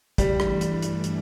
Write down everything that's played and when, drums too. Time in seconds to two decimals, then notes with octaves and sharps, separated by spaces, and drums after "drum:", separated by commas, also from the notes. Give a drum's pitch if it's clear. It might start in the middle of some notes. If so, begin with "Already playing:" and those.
0.18 G2 E3 G3 A3 D4, drum: kick, hi-hat
0.40 drum: rim click
0.61 drum: hi-hat
0.82 drum: hi-hat
1.04 drum: hi-hat